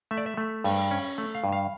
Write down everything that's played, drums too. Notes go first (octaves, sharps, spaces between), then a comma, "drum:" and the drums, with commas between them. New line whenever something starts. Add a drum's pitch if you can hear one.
A3 E5
D5
E5
A3
G2, drum: open hi-hat
C#4
A3
F5
G2
F5